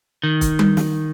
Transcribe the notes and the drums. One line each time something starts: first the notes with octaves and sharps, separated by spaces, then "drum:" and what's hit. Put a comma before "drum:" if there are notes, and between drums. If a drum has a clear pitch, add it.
D#3
drum: kick C#1, hi-hat
drum: tom G3
drum: snare